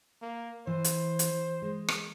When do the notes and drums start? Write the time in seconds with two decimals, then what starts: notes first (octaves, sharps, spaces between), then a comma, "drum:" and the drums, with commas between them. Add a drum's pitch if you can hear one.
0.22 A#3
0.67 E3 C5
0.84 drum: hi-hat
1.19 drum: hi-hat
1.62 G#3
1.88 drum: rim click